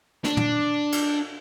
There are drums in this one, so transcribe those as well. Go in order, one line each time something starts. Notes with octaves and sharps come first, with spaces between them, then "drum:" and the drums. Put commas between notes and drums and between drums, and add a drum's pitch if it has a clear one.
D4, drum: snare
drum: tom
drum: cymbal